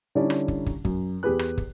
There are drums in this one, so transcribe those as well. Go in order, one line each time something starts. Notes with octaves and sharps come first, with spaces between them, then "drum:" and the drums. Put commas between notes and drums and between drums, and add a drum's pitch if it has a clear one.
D3 G3 C#4 D#4 E4 D5
drum: rim click
drum: kick
drum: kick
F#2, drum: kick
E2 G4 G#4 B4 F#6
drum: rim click
drum: kick